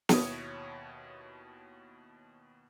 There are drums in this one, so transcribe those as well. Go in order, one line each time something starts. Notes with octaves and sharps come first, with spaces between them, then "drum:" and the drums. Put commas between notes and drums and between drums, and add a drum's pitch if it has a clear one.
D#2 B2 E4 C#5 D#6, drum: snare